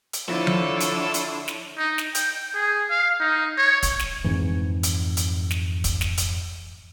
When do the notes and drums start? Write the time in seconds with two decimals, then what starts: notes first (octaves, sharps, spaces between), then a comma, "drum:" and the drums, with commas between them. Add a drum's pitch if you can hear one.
0.13 drum: hi-hat
0.28 D3 F3 E4 F4 A4 C#5
0.47 drum: tom F3
0.81 drum: hi-hat
1.14 drum: hi-hat
1.48 drum: snare
1.78 D#4
1.98 drum: snare
2.15 G5, drum: hi-hat
2.54 G#4
2.91 F5
3.20 D#4
3.58 C#5
3.83 drum: kick, hi-hat
3.99 drum: snare
4.24 F2 G#2 E3
4.83 drum: hi-hat
5.17 drum: hi-hat
5.51 drum: snare
5.84 drum: kick, hi-hat
6.01 drum: snare
6.18 drum: hi-hat